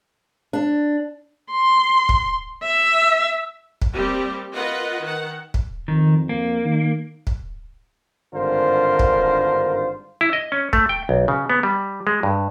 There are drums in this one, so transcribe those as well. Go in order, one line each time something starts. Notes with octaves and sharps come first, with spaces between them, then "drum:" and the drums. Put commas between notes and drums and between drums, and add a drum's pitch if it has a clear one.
D4
C6
drum: kick
E5
drum: kick
G3 A#3 C4 G4
F4 A#4 B4 D#5 F#5
D#3 F#5
drum: kick
F2 D#3
A#3
D#3
drum: kick
G#1 G2 D3 F4 A#4 C5
drum: kick
E4
D#5
C#4
A3, drum: kick
G5
B1
C#3
B3
G3
G#3
G2